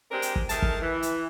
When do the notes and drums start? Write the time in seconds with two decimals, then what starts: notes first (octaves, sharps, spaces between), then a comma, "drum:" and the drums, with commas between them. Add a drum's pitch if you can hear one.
0.10 G#3 C4 D4 G4 A#4
0.22 drum: hi-hat
0.36 drum: kick
0.49 D#3 A3 G#4 A#4 A5, drum: hi-hat
0.62 drum: kick
0.82 E3
1.02 drum: hi-hat